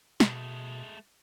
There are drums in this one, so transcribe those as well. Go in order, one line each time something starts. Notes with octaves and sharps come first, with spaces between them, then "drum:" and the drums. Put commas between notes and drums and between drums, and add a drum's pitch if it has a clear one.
B2 G#3 A3, drum: snare